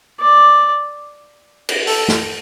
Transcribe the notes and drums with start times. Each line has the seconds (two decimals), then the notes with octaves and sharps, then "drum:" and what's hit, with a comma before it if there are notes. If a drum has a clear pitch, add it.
0.21 D5
1.69 drum: cymbal
1.87 A4, drum: open hi-hat
2.08 drum: snare